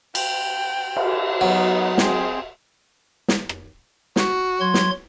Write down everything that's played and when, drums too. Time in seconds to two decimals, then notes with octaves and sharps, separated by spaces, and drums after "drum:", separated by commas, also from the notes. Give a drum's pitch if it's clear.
0.15 G5, drum: cymbal
0.96 drum: cymbal
1.41 F#3 B3 D#4
1.98 C4 G#4, drum: snare
3.28 drum: snare
3.49 drum: rim click
4.16 F#4, drum: snare
4.61 F#3 C6 G#6
4.74 drum: snare